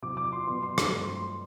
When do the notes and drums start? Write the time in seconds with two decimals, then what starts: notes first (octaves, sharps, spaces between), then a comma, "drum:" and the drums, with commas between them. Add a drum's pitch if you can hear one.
0.02 E2 C3 F#3 D6
0.17 D6
0.32 C6
0.47 B2 F#3 B3 C6
0.63 C6
0.78 D6, drum: rim click
0.92 G2 F#3 A3 C4 C6
1.08 C6
1.22 C6